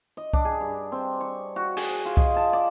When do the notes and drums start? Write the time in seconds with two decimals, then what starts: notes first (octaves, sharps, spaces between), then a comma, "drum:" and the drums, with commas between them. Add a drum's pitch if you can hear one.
0.17 D#5
0.33 D4, drum: kick C2
0.45 G#4
0.61 G2
0.92 C4
1.21 C#6
1.56 F#4
1.77 G#4, drum: cymbal
2.05 F4
2.17 D#5, drum: kick C2
2.36 A5
2.53 D5